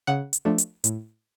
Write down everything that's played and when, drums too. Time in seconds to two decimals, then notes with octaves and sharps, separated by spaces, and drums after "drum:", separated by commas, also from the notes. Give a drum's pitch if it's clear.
0.07 C#3 F#5
0.33 drum: hi-hat
0.45 F3 A3 D4
0.58 drum: hi-hat
0.84 A2, drum: hi-hat